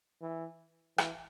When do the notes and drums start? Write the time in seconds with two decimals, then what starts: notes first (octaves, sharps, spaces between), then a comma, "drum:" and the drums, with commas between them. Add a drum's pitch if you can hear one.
0.22 E3
0.98 E3, drum: rim click